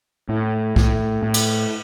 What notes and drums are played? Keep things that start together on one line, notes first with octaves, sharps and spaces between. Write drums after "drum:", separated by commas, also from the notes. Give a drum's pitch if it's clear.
A2
A2, drum: kick
A2
drum: cymbal